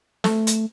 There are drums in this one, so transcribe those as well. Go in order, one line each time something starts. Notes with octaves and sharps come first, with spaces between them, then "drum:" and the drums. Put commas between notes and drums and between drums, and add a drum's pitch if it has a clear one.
A3, drum: snare
drum: hi-hat